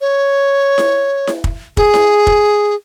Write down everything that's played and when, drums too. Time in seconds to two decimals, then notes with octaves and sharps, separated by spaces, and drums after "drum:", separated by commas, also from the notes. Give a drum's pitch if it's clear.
0.01 C#5
0.78 drum: snare E4
1.27 drum: snare E4
1.44 drum: kick
1.77 G#4, drum: kick
1.94 drum: snare E4
2.27 drum: kick